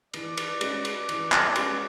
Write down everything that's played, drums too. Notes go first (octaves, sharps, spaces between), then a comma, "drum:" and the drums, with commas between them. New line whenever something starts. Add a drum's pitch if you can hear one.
E3 D5, drum: cymbal
drum: cymbal
G#3 C#4 F#4, drum: cymbal
drum: cymbal
E3, drum: cymbal
drum: clap
G#3 C#4 F#4, drum: cymbal